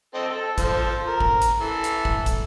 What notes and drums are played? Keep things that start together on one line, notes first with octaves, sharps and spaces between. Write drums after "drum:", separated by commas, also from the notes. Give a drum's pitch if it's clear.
C4 A4 D#5
A4
F3 A4 C5, drum: kick, hi-hat
A#4
drum: kick
drum: hi-hat
E3 A4
drum: hi-hat
drum: kick
drum: kick, hi-hat